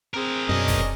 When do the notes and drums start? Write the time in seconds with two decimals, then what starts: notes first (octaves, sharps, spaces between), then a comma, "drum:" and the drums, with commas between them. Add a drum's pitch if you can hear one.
0.14 C4 G#4 A#4 C5
0.49 F#2 B2 C#4 D4 D#5
0.68 drum: kick, open hi-hat